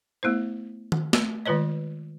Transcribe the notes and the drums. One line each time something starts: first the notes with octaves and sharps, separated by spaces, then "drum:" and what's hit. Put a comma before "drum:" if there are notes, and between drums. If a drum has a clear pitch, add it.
A3 B3 E4 C5
drum: tom D#3
A3, drum: snare
D#3 G#3 F4 B4 C#5 D#5